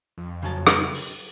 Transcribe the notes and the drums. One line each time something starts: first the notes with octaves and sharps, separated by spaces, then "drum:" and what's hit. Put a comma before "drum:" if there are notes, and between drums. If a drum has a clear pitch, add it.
F2
C#3 F#3 A5
drum: rim click
drum: open hi-hat